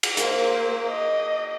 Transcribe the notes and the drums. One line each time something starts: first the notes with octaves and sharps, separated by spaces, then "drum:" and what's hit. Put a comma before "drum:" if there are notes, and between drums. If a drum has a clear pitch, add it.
drum: cymbal
A#3 C5, drum: hi-hat
D#5